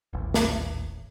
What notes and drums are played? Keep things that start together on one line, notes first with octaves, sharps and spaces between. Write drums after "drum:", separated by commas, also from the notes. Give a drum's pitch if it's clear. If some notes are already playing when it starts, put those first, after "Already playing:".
D#1 A1
drum: snare